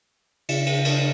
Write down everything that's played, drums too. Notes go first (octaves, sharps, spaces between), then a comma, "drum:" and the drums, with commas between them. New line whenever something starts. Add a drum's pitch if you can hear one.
C#3, drum: cymbal
drum: cymbal
drum: cymbal